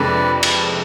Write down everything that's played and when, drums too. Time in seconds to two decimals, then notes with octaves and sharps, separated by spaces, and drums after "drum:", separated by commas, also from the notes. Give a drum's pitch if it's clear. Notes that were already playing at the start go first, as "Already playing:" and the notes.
Already playing: F2 C3 G#3 D4 A4 B4 D5
0.43 B4 D5, drum: cymbal
0.67 E4